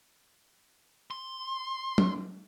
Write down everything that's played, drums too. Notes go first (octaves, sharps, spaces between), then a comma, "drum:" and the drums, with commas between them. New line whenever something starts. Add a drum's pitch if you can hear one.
C6
drum: tom F#3